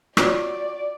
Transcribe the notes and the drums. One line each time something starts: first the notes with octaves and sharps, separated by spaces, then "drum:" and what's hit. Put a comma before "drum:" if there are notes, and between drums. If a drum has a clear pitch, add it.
F4 F#4 C#5 D5, drum: rim click